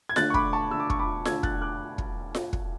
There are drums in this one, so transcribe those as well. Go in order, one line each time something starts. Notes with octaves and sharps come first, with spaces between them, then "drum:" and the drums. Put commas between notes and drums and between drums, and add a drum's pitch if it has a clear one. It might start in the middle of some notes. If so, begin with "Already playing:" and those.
G#6
D3 A3 D4 F#6 A6, drum: snare F4
C#6
B5 D6, drum: kick
A5 C#6
D3 A3 D4 E6
D6
C#6, drum: kick
B5 D6
D3 A3 D4 E6 G#6, drum: snare F4
F#6 A6, drum: kick
D6 F#6
drum: kick
drum: snare F4
drum: kick